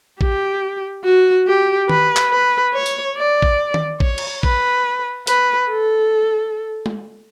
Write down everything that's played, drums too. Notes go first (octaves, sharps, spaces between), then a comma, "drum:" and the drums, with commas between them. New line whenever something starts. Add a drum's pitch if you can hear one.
G4, drum: kick A1
F#4
G4
B4, drum: tom D#3
drum: clap
B4
C#5
drum: tambourine
D5
drum: kick A1
drum: tom D#3
C#5, drum: kick A1
drum: cymbal
B4, drum: kick A1
B4, drum: hi-hat
A4
drum: tom G#3